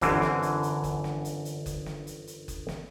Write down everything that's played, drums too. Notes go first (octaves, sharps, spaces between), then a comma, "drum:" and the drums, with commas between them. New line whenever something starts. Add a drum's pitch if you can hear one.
G1 F#2 D3 E3 C4, drum: kick F#1, hi-hat
drum: snare
drum: hi-hat
drum: hi-hat
drum: kick F#1, hi-hat
drum: snare
drum: hi-hat
drum: hi-hat
drum: kick F#1, hi-hat
drum: snare
drum: hi-hat
drum: hi-hat
drum: kick F#1, hi-hat
drum: snare